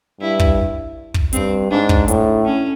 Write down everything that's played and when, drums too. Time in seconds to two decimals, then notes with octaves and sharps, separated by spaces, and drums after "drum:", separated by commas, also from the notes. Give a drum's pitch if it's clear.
0.21 G2 E4
0.39 drum: kick
1.14 drum: kick
1.33 G2 C4, drum: hi-hat
1.71 G#2 D4
1.89 drum: kick
2.08 A2, drum: hi-hat
2.45 C#4